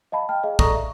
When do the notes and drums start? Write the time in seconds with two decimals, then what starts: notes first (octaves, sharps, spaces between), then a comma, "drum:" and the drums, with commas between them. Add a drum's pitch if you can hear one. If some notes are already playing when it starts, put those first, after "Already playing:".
0.12 D#5 F5 A5 B5
0.29 G5 A5 F6
0.43 G#4 D#5 F5
0.59 A4 D5 A#5 C#6 D#6 A#6, drum: kick
0.75 E5